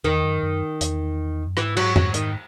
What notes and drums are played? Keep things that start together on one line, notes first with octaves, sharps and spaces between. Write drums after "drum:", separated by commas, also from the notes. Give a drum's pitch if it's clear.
E2 D#3
F#2
F#2
E2, drum: hi-hat
F#2
G#2 E3, drum: rim click
F#3, drum: cymbal
F#3, drum: tom F2
D#3, drum: hi-hat